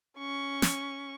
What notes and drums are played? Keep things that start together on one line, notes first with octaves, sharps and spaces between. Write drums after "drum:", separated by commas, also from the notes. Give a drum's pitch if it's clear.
C#4 C#6
drum: snare